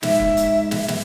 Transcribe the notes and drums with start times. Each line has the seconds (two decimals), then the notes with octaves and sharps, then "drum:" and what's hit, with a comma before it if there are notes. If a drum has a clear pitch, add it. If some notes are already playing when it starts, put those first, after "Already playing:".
0.03 G#2 E5, drum: snare
0.20 drum: kick
0.37 drum: hi-hat
0.71 drum: snare
0.88 drum: snare